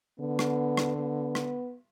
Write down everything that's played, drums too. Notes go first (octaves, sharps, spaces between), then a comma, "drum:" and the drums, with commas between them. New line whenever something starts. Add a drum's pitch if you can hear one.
D3 B3
drum: rim click
drum: rim click
B3
drum: rim click